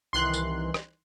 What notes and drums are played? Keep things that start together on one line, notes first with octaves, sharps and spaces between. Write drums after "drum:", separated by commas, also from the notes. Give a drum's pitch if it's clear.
C2 D#3 E3 C6 F#6
drum: tambourine
drum: rim click